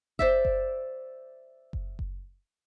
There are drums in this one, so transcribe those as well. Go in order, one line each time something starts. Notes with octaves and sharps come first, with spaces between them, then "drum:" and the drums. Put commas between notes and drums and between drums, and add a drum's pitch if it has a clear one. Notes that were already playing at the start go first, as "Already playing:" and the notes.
C5 D5 E5, drum: kick F#1
drum: kick F#1
drum: kick F#1
drum: kick F#1